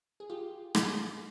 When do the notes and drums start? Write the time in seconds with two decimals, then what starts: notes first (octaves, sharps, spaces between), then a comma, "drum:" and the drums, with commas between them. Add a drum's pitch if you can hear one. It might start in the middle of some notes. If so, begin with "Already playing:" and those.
0.20 G#4
0.30 F4 G4
0.75 drum: rim click